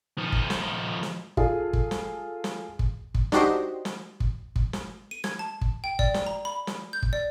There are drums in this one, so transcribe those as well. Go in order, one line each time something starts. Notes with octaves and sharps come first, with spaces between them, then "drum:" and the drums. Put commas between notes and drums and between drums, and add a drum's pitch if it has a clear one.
F3 D#4
drum: kick
drum: snare
drum: snare
F4 G#4 A4, drum: kick
drum: kick
drum: snare
drum: snare
drum: kick
drum: kick
D4 D#4 F#4 G4 C5 D#5, drum: snare
drum: snare
drum: kick
drum: kick
drum: snare
D#7
G#6, drum: snare
A5
drum: kick
G5
D5, drum: kick
drum: snare
A#5
B5
drum: snare
G6
drum: kick
D5